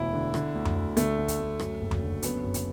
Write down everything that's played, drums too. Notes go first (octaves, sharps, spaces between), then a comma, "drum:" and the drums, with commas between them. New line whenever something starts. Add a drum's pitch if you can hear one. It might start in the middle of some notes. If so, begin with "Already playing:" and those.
Already playing: E1 D2 E3 E4
D3
D3, drum: rim click
D2
drum: tom F2
D2
D3 A3, drum: hi-hat
D2
drum: kick, hi-hat
D2
F#2, drum: rim click
F#1
drum: tom F2
D3
F#2 B3, drum: hi-hat
F#1
drum: kick, hi-hat